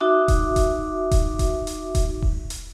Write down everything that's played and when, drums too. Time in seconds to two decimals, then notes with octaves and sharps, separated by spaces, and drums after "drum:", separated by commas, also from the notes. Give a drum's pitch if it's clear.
0.01 D#4 F#4 E5 D6
0.28 drum: kick D#1, hi-hat
0.56 drum: kick D#1, hi-hat
1.11 drum: kick D#1, hi-hat
1.39 drum: kick D#1, hi-hat
1.67 drum: hi-hat
1.95 drum: kick D#1, hi-hat
2.22 drum: kick D#1
2.50 drum: hi-hat